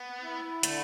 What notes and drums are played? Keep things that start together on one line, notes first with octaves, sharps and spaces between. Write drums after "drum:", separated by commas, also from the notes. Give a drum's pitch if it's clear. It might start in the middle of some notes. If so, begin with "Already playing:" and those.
Already playing: B3
E4
D3 A3, drum: hi-hat